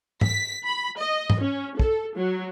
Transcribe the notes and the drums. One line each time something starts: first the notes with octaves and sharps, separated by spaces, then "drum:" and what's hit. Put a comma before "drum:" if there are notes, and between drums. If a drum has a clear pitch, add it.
B6, drum: tom G#2
B5
D#5
drum: tom G#2
C#4
A4, drum: kick
F#3